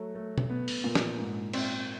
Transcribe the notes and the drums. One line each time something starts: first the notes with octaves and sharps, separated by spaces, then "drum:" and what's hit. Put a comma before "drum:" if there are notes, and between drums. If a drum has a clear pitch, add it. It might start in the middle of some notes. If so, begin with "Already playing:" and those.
Already playing: F#3 A3
A3
drum: tom
B3
drum: open hi-hat
A#2
drum: snare
G#2
C4, drum: cymbal